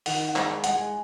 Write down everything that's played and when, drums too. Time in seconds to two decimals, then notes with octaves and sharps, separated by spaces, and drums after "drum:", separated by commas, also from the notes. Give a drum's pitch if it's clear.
0.06 D#3 F#5, drum: open hi-hat
0.29 F#5
0.36 G#3, drum: clap
0.64 G#3 F#5, drum: hi-hat
0.73 G#5